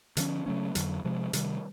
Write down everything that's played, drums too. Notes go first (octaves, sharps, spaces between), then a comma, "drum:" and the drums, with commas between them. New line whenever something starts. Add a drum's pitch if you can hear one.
D3 F3 A3 C#4, drum: hi-hat
C#3 F#3 A3 C#4
F2 D3 F#3, drum: hi-hat
C3 F3 G#3
C3 D#3 G3, drum: hi-hat